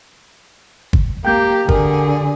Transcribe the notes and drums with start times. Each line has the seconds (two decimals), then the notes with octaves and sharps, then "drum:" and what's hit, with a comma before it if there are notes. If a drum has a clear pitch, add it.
0.93 drum: kick G1
1.25 A#3 G4 G5 G6
1.69 D3 G#4 A#4, drum: kick G1